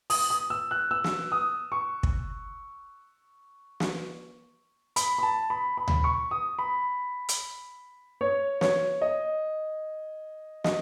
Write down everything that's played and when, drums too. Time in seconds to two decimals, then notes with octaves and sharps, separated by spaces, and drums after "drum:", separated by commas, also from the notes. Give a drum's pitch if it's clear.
0.10 D#6, drum: open hi-hat
0.30 D#6
0.50 E6
0.71 F#6
0.91 E6
1.04 drum: snare
1.32 D#6
1.72 C#6
2.03 drum: kick
3.80 drum: snare
4.96 B5, drum: hi-hat
5.18 B5
5.23 A5
5.50 B5
5.77 B5
5.88 drum: tom D2
6.04 C#6
6.31 D#6
6.59 B5
7.29 drum: hi-hat
8.21 C#5
8.61 C#5, drum: snare
9.02 D#5
10.64 D#5, drum: snare